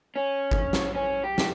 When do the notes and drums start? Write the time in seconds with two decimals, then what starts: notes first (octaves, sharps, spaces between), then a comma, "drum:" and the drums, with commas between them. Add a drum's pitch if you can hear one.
0.16 C#4
0.51 drum: kick G1
0.73 drum: snare
0.95 C#4
1.24 G4
1.38 drum: snare